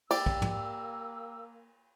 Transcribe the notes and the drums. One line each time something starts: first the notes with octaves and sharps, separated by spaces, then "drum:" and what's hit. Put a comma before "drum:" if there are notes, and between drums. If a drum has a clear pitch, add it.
A#3 G4 D5 E6, drum: cymbal
drum: kick A#1
drum: tom